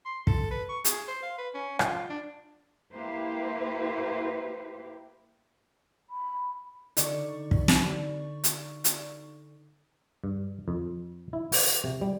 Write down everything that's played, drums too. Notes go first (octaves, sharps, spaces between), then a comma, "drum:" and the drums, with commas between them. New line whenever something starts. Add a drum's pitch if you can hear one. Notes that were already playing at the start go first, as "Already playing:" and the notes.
C6
A4, drum: kick
B4
C#6
G#4, drum: hi-hat
C5
F5
B4
C#4
F4, drum: rim click
D4
A#3 E4 G4 B4 C5
B5
D3 D#4 D5 C#6, drum: hi-hat
drum: kick
drum: snare
drum: hi-hat
drum: hi-hat
G2
F2
E4
F#4, drum: open hi-hat
C3
G3